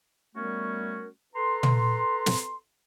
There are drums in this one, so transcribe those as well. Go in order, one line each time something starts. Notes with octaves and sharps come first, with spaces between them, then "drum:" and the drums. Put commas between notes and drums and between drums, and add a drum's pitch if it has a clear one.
G3 A3 B3 C#4 F#4 A#4
A4 B4 A#5 C6
drum: tom
drum: snare